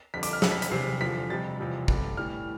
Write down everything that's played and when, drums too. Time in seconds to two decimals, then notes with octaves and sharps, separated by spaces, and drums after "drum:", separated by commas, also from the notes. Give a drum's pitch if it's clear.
0.14 F2 D3 G3 B6
0.23 D6, drum: hi-hat
0.33 F6
0.42 B2 G3 E6, drum: snare
0.52 B6
0.62 B6, drum: hi-hat
0.71 E2 C3 G3 C7
1.01 E2 D3 F3 B6
1.30 F2 C3 G3 A6
1.59 E2 C3 F3
1.88 G2 D3 G3, drum: kick
2.17 A2 E3 G3 F6